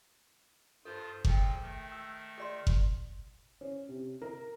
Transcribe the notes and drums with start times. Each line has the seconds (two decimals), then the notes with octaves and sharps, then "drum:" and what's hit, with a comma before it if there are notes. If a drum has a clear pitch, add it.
0.85 G2 F4 A4 C5
1.25 A#2 F3 G#4 G5 E6, drum: kick F#1
1.62 D#3 A3
1.92 E6
2.38 G#4 D5 C6
2.67 drum: kick F#1
3.61 C#4
3.89 C3
4.22 A#4